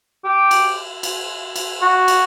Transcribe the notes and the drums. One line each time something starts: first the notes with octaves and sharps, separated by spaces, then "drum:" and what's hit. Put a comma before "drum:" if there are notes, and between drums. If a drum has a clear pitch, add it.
G4
drum: cymbal
drum: cymbal
drum: cymbal
F#4
drum: cymbal